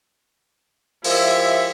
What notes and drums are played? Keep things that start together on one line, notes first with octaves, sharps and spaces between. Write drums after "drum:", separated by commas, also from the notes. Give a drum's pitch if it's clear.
F3 G#3 E4 G4 A#4 E5, drum: open hi-hat